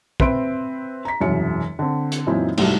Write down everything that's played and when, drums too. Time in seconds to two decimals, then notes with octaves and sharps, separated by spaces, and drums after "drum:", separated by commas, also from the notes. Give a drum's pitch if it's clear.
0.20 C4 B4 E5 C6 D7, drum: kick
1.05 A#5 B6
1.21 E1 C2 F#2 C#7
1.79 D3 C4
2.12 drum: hi-hat
2.27 F#2 A#2 E3 C4 D#4 E4
2.57 C2 G#2 F#3 G3 A3, drum: cymbal